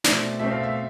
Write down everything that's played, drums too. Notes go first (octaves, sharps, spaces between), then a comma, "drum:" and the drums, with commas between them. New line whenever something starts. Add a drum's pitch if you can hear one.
B2 A3 C4 D5, drum: snare
B2 A3 C4 E5
F5
E5